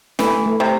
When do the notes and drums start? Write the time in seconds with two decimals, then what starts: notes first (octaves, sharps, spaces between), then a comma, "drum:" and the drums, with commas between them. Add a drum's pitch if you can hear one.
0.19 E3 A3, drum: snare
0.46 A3
0.60 C3